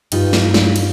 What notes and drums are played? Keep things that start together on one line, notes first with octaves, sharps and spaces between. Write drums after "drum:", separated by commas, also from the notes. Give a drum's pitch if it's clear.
G2 D#4 F4, drum: cymbal
drum: snare
drum: snare
drum: cymbal